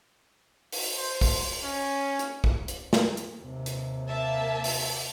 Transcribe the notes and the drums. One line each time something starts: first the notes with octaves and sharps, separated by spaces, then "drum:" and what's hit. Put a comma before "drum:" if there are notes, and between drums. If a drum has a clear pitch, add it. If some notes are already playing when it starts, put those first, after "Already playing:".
drum: open hi-hat
C5
drum: kick, open hi-hat
C#4
drum: hi-hat
drum: kick
drum: hi-hat
drum: snare
drum: hi-hat
D#2 C3
drum: hi-hat
A#3 E5 A5
drum: open hi-hat